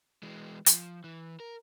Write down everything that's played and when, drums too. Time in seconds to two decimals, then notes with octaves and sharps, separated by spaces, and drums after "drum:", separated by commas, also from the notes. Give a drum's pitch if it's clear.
0.23 E3 G#3
0.66 F3, drum: hi-hat
1.04 E3
1.40 A#4